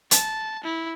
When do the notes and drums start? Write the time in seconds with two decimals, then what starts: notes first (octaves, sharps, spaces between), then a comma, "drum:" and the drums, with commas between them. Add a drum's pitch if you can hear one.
0.11 A5, drum: hi-hat
0.64 E4